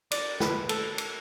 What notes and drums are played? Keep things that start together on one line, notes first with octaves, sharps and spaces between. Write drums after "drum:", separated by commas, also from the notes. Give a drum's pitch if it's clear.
D5, drum: cymbal
B4, drum: snare
A4, drum: cymbal
drum: cymbal